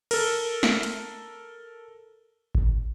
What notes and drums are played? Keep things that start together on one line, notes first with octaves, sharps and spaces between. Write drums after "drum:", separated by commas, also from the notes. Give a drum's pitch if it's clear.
A4 A#4, drum: cymbal
drum: snare
drum: hi-hat
drum: kick G#1